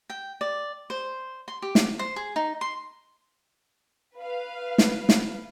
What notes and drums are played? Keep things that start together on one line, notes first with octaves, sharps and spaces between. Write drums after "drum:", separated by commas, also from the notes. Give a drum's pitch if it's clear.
G5
D5
C5
C6
G4
drum: snare
C5
G#4
D#4
C6
B4 F5
drum: snare
drum: snare